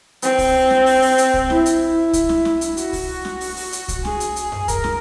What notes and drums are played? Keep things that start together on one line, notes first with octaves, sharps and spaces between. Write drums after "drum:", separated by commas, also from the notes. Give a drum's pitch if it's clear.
C4, drum: hi-hat
drum: kick C2, open hi-hat
drum: snare
drum: open hi-hat
drum: open hi-hat
drum: hi-hat
drum: kick C2
E4, drum: snare
drum: hi-hat
drum: kick C2, hi-hat
drum: snare
drum: snare
drum: hi-hat
F#4, drum: hi-hat
drum: kick C2, open hi-hat
drum: snare
drum: open hi-hat
drum: open hi-hat
drum: hi-hat
drum: kick C2, hi-hat
G#4, drum: snare
drum: hi-hat
drum: hi-hat
drum: tom F#2
A#4, drum: kick C2, hi-hat
drum: snare